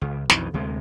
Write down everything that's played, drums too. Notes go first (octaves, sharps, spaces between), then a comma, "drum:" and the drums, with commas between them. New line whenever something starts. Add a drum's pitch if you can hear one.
C#2
B1 F2 D#3 E3, drum: snare
D2 C3 G#3